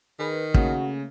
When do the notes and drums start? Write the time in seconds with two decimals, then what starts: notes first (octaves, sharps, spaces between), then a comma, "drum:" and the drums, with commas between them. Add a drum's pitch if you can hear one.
0.19 D#3 G#4 B4
0.54 C#3 A3 A#3 C#4 F#4, drum: kick